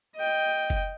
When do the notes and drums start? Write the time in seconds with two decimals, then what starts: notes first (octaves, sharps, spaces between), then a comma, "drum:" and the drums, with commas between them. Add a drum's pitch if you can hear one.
0.15 D#5 G5
0.70 drum: kick F#1